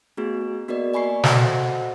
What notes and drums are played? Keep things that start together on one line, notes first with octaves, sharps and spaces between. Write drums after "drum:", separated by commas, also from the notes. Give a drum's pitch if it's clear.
A3 B3 F#4 G#4
A#3 B3 F#4 A#4 D5 D#5
D5 G#5 B5 C#6 C7
F#4 A4 C5 D#5 F5 F#5, drum: snare